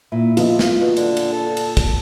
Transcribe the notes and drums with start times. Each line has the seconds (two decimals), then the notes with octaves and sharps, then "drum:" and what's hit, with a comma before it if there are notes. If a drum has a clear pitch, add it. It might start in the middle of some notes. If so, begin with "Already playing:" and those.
0.12 A#2 E4
0.37 F3 B3 F4 D#5, drum: cymbal
0.59 F5, drum: snare
0.80 B2
0.97 D3, drum: cymbal
1.17 drum: cymbal
1.32 A4
1.57 drum: cymbal
1.77 drum: kick, cymbal